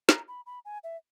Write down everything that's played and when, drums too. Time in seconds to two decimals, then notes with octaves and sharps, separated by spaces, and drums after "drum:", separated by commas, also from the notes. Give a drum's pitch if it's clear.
0.09 A#5, drum: snare
0.28 B5
0.46 B5
0.65 G#5
0.84 E5